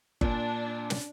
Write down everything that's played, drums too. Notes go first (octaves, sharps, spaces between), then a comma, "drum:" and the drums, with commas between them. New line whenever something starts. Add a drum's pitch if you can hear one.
A#2 D4, drum: kick G1
drum: snare